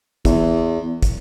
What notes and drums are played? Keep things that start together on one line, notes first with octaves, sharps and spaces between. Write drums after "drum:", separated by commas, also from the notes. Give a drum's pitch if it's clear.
E2, drum: kick, hi-hat
drum: kick, hi-hat